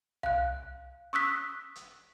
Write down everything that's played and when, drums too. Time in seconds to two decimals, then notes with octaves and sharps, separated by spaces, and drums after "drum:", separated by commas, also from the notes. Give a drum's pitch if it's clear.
0.23 F5 F#6, drum: tom C2
1.13 C#6 D#6 E6 F#6 B6
1.75 drum: hi-hat